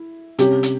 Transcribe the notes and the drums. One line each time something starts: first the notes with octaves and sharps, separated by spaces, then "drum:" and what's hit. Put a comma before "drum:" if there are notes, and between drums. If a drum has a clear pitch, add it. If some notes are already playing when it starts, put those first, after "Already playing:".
Already playing: E4
C3 G3 C#4 G4, drum: hi-hat
drum: hi-hat